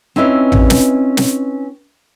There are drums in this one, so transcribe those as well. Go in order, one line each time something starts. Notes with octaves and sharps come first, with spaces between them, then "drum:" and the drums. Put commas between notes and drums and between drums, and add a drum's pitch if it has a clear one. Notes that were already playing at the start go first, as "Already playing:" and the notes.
C4 C#4 D#4 E4 B4
drum: tom A1
drum: snare
drum: snare